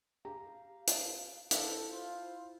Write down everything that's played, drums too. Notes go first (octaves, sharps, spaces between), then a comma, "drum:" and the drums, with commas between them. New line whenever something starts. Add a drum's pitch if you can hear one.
G4 F5 A#5
drum: hi-hat
E4 A4 C5, drum: hi-hat
F4 C5